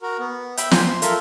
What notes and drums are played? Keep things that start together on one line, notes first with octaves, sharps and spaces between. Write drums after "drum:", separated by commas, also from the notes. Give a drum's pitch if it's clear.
F#4 A#4
B3
E5 G5 B5, drum: hi-hat
C5 G#5, drum: snare
C6
F4 A4 A#4 E5, drum: hi-hat